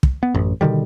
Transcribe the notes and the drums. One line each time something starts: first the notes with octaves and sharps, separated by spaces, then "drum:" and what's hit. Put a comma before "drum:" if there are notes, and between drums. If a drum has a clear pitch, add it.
drum: kick
B3
A1 F#2
B2 D3 D#3 G3